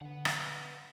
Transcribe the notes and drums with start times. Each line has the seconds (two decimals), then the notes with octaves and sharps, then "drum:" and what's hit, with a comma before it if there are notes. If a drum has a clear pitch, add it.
0.01 D3 B4 F#5
0.25 drum: rim click